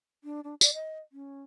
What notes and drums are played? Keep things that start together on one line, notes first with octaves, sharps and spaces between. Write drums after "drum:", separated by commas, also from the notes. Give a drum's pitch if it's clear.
D4
D4
D5, drum: tambourine
D#5
C#4